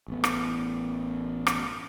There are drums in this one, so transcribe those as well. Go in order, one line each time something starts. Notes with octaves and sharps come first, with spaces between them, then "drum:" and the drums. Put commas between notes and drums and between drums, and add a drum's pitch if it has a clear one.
A1 B3
drum: rim click
drum: rim click